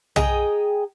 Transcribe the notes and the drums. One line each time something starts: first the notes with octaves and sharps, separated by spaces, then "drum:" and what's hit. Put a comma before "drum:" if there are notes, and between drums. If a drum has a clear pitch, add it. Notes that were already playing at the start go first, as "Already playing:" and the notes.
G#4 D#5 G5 A#5, drum: tom